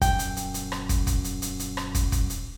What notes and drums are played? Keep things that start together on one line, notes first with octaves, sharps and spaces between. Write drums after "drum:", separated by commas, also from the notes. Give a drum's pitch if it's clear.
D#1 F#2 G5, drum: kick, hi-hat
drum: hi-hat
drum: hi-hat
drum: hi-hat
drum: rim click
drum: kick, hi-hat
drum: kick, hi-hat
drum: hi-hat
drum: hi-hat
drum: hi-hat
drum: rim click
drum: kick, hi-hat
drum: kick, hi-hat
drum: hi-hat